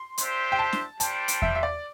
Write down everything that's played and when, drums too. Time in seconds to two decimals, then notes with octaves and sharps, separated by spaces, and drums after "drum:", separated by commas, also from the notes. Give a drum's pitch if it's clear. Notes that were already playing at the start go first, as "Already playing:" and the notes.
Already playing: C6
0.18 D4 G4 C5 E5, drum: hi-hat
0.52 G5
0.59 A5
0.73 drum: snare
1.00 G3 D4 C5 G5 A5, drum: hi-hat
1.28 drum: hi-hat
1.42 E5, drum: kick E2
1.55 E5
1.63 D5